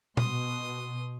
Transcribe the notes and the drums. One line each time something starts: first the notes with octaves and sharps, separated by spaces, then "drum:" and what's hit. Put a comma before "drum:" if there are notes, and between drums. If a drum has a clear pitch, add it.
B2 C6 D#6, drum: tom A#2